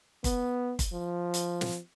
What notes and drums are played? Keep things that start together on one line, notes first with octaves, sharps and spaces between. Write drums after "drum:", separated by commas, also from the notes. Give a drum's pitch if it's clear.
B3, drum: kick, hi-hat
drum: kick, hi-hat
F3
drum: hi-hat
drum: snare